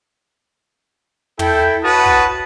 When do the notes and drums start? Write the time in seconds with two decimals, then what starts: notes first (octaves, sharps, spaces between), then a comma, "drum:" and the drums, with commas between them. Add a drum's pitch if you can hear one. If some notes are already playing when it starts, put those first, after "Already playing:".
1.39 E4 A4 G5, drum: tom
1.84 F#4 B4 C#5 F#5 A5 D#6
2.06 drum: kick